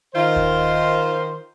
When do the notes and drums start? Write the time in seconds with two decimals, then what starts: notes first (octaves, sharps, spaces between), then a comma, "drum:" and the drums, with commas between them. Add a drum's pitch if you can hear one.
0.15 D#3 F4 C5
0.36 drum: kick D#1